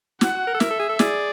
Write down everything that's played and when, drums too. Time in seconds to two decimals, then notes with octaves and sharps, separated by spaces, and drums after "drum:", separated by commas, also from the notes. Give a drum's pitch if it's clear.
0.21 F#4 F#5, drum: snare
0.35 F#4
0.47 A#4
0.54 A4
0.60 A#4 E5, drum: snare
0.70 A4
0.80 G#4
0.89 A4
0.99 G#4 D5, drum: snare